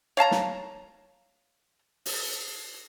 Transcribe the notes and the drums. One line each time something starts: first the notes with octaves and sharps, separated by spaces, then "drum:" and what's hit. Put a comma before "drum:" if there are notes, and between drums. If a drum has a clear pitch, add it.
C#5 F5 A5 A#5
drum: snare
drum: open hi-hat